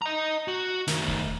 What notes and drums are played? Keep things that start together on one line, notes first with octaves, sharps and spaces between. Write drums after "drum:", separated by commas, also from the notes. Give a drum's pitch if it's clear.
D#5 A#5
F#4
D#3 A3, drum: snare
drum: kick E1